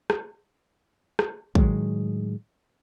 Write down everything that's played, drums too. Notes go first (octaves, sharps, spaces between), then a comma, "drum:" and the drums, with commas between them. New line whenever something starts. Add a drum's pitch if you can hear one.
drum: rim click
drum: rim click
A2 D#3 F#3 G#3, drum: kick